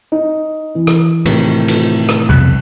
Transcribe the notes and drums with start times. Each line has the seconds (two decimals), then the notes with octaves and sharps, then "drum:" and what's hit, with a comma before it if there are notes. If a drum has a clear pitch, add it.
0.12 D#4
0.75 E3
0.87 drum: rim click
1.26 A2 C3 D#3, drum: cymbal
1.68 drum: cymbal
2.09 drum: rim click
2.29 C2 F2 B2 F#6